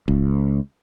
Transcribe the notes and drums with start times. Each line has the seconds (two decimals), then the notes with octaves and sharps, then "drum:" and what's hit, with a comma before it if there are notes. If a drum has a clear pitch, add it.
0.08 C#2, drum: kick D1